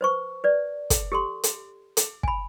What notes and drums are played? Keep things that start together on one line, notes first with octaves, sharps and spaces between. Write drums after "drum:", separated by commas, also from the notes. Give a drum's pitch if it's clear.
B4 C5 C#6
B4 D5
drum: kick, hi-hat
G4 A4 C6
drum: hi-hat
drum: hi-hat
G#5 B5, drum: kick